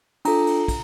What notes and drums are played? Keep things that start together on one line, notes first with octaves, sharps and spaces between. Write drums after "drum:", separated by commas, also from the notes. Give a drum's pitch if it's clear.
D4 F4 A4 A#5, drum: cymbal
drum: cymbal
drum: kick, cymbal